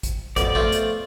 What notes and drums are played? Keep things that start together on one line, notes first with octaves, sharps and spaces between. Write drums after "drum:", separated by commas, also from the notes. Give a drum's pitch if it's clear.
drum: kick, hi-hat
F2 B2 D5, drum: kick, hi-hat
A3 C4 F4, drum: kick
drum: hi-hat